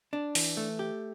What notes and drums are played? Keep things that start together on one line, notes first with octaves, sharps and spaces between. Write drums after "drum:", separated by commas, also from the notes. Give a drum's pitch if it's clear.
D4
E3, drum: open hi-hat
A3
G4